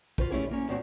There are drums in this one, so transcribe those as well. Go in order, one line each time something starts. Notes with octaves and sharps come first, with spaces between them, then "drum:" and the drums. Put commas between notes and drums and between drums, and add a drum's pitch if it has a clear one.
F4 F#4 B4 C5, drum: kick
A3 B3 C#4 E4 G4 G#4
A#3 C#4
E2 A2 C4 F#4